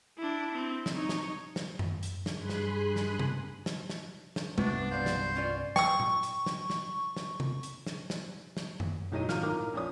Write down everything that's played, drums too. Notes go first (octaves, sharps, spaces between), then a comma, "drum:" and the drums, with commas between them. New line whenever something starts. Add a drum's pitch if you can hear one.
D4 E4
C4
drum: snare
D#4 C#5
drum: snare
drum: snare
drum: tom F#2
drum: hi-hat
drum: snare
G2 G#4 G#5 B5 C6 F#6
drum: snare
drum: snare
drum: tom C3
drum: snare
drum: snare
drum: snare
C2 G2 A3 B3 C4 D4, drum: tom G#3
B2 C5 D5 F5
drum: snare
C#4 F4 D5
G5 C#6 E6, drum: snare
drum: tom A#2
drum: hi-hat
drum: snare
drum: snare
drum: snare
drum: tom C3
drum: hi-hat
drum: snare
drum: snare
drum: snare
drum: tom F#2
B1 A2 F#3 D#4 D#5 D#7
G#1 F4 F6, drum: snare
A2 D#4 F4 A#4 D6 F6
A#1 F2 C#4 D4 D#6